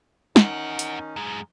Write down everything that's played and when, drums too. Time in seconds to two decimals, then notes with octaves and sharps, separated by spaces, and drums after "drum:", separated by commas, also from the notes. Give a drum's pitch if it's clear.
0.36 E2 D#3 C#4 D#4 F#5, drum: snare
0.79 drum: hi-hat
1.16 F#2 G#3